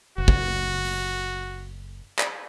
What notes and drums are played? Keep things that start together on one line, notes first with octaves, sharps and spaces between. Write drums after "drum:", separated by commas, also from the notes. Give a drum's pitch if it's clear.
F#1 F#4
drum: kick
drum: open hi-hat
drum: clap